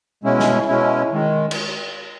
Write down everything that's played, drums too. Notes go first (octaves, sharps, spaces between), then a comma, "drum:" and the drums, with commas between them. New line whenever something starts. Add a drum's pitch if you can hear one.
B2 G#3 C#4 E4
drum: snare
B2 G#3 C#4 E4
D#3 G#3
drum: cymbal